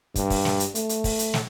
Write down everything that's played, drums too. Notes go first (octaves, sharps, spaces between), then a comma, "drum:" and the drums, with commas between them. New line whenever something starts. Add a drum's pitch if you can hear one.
G2, drum: kick, hi-hat
drum: kick, open hi-hat
drum: snare
drum: hi-hat
A3, drum: hi-hat
drum: hi-hat
drum: kick, open hi-hat
drum: hi-hat
drum: snare